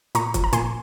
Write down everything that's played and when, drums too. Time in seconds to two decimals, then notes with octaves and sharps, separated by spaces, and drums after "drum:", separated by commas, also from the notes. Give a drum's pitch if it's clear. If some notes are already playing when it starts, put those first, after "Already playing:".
0.15 A#2 A#5 C#6, drum: hi-hat
0.34 F3, drum: kick, hi-hat
0.44 A#5
0.53 A#2 G#5 C6, drum: hi-hat